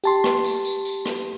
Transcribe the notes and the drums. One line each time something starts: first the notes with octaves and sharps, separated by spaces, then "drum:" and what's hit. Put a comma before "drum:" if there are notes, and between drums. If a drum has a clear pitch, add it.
G4 A5 C6, drum: tambourine
drum: rim click
drum: tambourine
drum: tambourine
drum: tambourine
drum: rim click